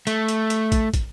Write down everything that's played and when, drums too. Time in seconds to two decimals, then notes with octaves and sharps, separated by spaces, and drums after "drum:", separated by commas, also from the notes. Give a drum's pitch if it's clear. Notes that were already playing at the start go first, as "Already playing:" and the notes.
0.07 A3, drum: hi-hat
0.28 drum: hi-hat
0.50 drum: hi-hat
0.72 drum: kick, hi-hat
0.94 drum: kick, hi-hat